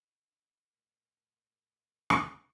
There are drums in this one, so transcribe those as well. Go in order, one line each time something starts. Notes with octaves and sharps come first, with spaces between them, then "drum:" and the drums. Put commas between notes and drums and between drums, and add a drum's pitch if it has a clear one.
D4 F5 B5
A2 A#4 G#5 C6
drum: rim click